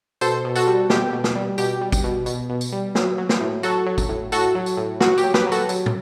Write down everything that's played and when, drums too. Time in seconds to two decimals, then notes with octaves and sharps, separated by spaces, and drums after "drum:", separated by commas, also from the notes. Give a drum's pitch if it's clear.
0.21 B2 A4 C5, drum: tambourine
0.44 B2
0.55 F#4 A4, drum: tambourine
0.67 G3
0.90 B2 G4, drum: snare
1.13 B2
1.24 drum: snare
1.35 G3
1.58 B2 G4, drum: tambourine
1.81 G3
1.92 drum: kick, tambourine
2.04 B2
2.26 B2, drum: tambourine
2.50 B2
2.61 drum: tambourine
2.72 G3
2.95 F#3, drum: snare
3.18 F#3
3.29 drum: snare
3.41 A2
3.63 F#3 F#4 A4, drum: tambourine
3.86 F#3
3.98 drum: kick, tambourine
4.09 A2
4.32 A2 F#4 A4, drum: tambourine
4.55 F#3
4.66 drum: tambourine
4.77 A2
5.00 F#3 F#4, drum: snare
5.18 G4, drum: tambourine
5.24 F#3
5.34 G4 B4, drum: snare
5.46 F#3
5.52 F#4 A4, drum: tambourine
5.69 F#3, drum: tambourine
5.86 drum: tom